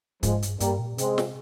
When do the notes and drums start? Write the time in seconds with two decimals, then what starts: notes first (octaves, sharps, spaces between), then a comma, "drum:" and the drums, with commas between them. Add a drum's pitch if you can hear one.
0.23 G#2 F3 G#3, drum: kick, hi-hat
0.42 G2, drum: hi-hat
0.60 G2 G3 A#3, drum: hi-hat
0.79 A#2
0.98 C3 G#3 C4, drum: hi-hat
1.18 drum: snare